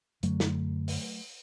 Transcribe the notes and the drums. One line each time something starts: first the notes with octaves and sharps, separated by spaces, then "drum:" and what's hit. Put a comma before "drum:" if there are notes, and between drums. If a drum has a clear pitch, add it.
F#2 D3 F#3 A3, drum: hi-hat
drum: snare
drum: open hi-hat